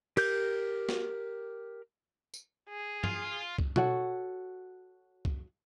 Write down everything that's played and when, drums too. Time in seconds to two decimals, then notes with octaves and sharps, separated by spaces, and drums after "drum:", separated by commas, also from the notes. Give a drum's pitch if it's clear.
0.17 G4 A#4 G6, drum: cymbal
0.89 drum: snare
2.34 drum: tambourine
2.70 G#4
3.04 F4, drum: tom G2
3.58 drum: kick C2
3.76 F#4 A4 C#5 F#5, drum: tom B2
5.25 drum: kick C2